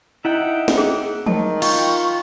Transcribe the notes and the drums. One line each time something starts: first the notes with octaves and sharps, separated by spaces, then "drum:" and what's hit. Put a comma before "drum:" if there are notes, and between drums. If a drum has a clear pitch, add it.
D#4 E4 E5 F#5 G5
drum: snare
G#4
D#3 A5, drum: tom
F4 G5 C#6, drum: cymbal